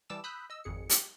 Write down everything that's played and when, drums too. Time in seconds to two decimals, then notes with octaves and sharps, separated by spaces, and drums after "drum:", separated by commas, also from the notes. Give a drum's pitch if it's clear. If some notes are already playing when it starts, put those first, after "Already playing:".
0.10 E3 G3 A5 D6 E6 E7
0.24 B5 D#6 E6 F#6 G6 B6
0.50 D#5 E6
0.64 G#1 F2 G#4 C#7
0.90 G4, drum: hi-hat